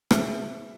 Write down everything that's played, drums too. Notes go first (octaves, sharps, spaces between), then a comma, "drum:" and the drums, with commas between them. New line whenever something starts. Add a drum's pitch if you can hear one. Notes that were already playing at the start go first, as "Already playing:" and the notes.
E4 G#4 C5 E5, drum: rim click